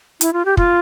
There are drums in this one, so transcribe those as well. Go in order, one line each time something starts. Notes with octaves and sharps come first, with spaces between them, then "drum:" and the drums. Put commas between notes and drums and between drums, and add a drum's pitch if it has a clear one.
E4, drum: hi-hat
F4
G4
F4, drum: kick